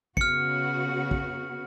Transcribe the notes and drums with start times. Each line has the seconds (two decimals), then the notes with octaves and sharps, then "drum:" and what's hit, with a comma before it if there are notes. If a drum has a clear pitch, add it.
0.17 C#3 B3 F#4 F6 C#7, drum: kick
1.11 drum: kick